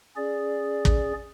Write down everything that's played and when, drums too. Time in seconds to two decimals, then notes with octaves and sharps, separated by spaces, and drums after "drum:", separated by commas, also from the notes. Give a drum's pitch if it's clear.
0.16 C#4 G#4 D5
0.85 drum: kick